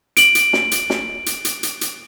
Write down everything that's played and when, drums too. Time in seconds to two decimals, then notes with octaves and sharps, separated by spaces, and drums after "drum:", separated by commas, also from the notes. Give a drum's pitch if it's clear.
0.17 D7 F#7, drum: hi-hat
0.35 drum: hi-hat
0.53 drum: snare
0.71 drum: hi-hat
0.90 drum: snare
1.26 drum: hi-hat
1.45 drum: hi-hat
1.63 drum: hi-hat
1.81 drum: hi-hat